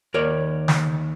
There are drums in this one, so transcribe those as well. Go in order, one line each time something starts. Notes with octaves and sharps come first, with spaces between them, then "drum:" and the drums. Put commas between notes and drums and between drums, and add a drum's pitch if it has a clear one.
D#2 A#4 C#5 D5
drum: snare